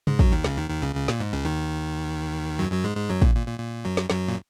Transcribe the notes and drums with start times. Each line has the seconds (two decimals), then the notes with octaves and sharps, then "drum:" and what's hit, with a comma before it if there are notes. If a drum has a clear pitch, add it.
0.07 G#2 G#3, drum: tom C3
0.19 F#2 F#3, drum: kick
0.32 D#2 D#3
0.44 C#2 C#3, drum: snare
0.57 D#2 D#3
0.70 D#2 D#3
0.82 C#2 C#3
0.95 C#2 C#3
1.08 A#2, drum: snare
1.20 G#2
1.33 C#2 C#3
1.45 D#2 D#3
2.59 F#2 F#3
2.71 F#2 F#3
2.84 G#2 G#3
2.97 G#2 G#3
3.10 F#2 F#3
3.22 A#2, drum: kick
3.35 A#2
3.47 A#2
3.60 A#2
3.85 F#2 F#3
3.97 drum: snare
4.10 F#2 F#3, drum: snare
4.28 A#2